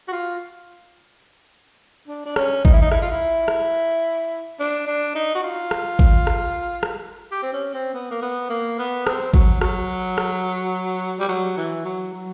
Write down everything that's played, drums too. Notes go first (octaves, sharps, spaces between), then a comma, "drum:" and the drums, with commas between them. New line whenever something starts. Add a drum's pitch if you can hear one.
F#4
F4
D4
D4
C#4, drum: rim click
D#4, drum: kick G#1
E4
D#4
E4, drum: rim click
F4
E4
drum: rim click
D4
D4
D#4
F#4
F4
drum: rim click
drum: kick G#1
drum: rim click
drum: rim click
G4
C4
C#4
C4
B3
A#3
B3
A#3
B3
C4, drum: rim click
F#3, drum: kick G#1
F#3, drum: rim click
drum: rim click
G3
F#3
E3
F#3
F#3